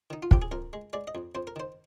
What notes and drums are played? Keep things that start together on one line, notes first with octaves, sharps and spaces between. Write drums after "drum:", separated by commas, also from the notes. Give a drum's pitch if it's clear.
D#3 D#4
F4
F2 G4, drum: kick
G#4
F2 A#4
G#3
G#3 D5
D#5
F2
F2 C5
A#4
D#3 C5